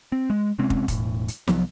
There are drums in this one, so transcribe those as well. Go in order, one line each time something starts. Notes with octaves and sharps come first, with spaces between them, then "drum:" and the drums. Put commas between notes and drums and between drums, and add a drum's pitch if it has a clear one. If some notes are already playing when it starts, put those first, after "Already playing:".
C4
G#3
C3 G#3 C4 C#4
drum: kick
E1 A2, drum: kick, hi-hat
drum: hi-hat
C2 F3 F#3 B3, drum: snare